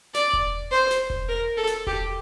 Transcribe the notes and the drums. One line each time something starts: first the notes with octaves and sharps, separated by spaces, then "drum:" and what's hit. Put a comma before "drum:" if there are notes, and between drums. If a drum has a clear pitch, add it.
D5, drum: snare
drum: kick E1
C5
drum: snare
drum: kick E1
A#4
A4
drum: snare
G4, drum: kick E1